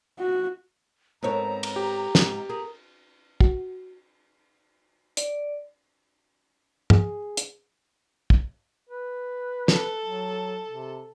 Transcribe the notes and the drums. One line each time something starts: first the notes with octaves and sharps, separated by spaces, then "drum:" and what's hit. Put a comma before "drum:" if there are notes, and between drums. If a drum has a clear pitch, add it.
F#4
G#2 B3 C4 A4 A#4 C#5 A#5
drum: cymbal
G4
G#2, drum: snare
G#4 A#4 A#5
F#4, drum: kick
D5, drum: hi-hat
G#4, drum: tom
drum: hi-hat
drum: kick
B4
A4, drum: snare
F#3
C3